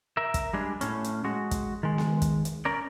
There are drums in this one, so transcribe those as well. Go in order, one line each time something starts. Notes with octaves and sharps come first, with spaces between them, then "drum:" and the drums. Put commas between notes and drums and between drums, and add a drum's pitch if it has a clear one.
A#4 E5
drum: kick, hi-hat
G3 G#3 D4
A2 C#4, drum: hi-hat
drum: hi-hat
G#3 F#4
drum: kick, hi-hat
D#3 G#3
drum: snare B3
drum: kick, hi-hat
drum: hi-hat
C#4 A#4 D5